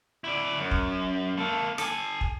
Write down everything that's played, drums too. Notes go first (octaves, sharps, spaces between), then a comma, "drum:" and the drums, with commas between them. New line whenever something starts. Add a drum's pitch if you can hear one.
E4 D5
F#2
drum: kick
A#3 A4
A4 G#5, drum: rim click
drum: kick